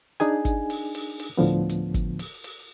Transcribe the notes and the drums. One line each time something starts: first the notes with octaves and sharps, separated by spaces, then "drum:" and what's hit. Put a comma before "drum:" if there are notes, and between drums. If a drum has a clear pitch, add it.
D4 D#4 G#4 G#5, drum: hi-hat
drum: kick G#1, hi-hat
drum: open hi-hat
drum: open hi-hat
drum: open hi-hat
D2 A2 D3 F3 B3
drum: hi-hat
drum: kick G#1, hi-hat
drum: open hi-hat
drum: open hi-hat